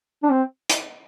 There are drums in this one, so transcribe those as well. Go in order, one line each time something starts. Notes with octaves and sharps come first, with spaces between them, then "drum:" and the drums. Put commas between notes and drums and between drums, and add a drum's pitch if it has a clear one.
D4
C4
drum: hi-hat